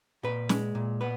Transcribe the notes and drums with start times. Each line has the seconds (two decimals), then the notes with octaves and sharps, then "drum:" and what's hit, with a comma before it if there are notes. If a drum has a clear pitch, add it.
0.23 A#2 B4
0.49 G#3, drum: snare
0.75 A#2
1.01 B3 B4